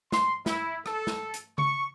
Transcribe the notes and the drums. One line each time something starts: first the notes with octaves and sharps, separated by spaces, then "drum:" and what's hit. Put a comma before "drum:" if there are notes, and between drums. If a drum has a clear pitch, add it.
C6, drum: snare
E4, drum: snare
A4, drum: rim click
drum: snare
drum: hi-hat
C#6, drum: tom C#3